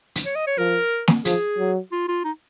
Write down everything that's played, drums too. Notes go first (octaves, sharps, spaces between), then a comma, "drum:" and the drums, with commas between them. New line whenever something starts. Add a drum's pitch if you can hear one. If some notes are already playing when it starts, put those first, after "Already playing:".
drum: hi-hat
C#5
D#5
C#5
F3 A#4
drum: snare
F3 G#4, drum: hi-hat
F#3
F4
F4
D#4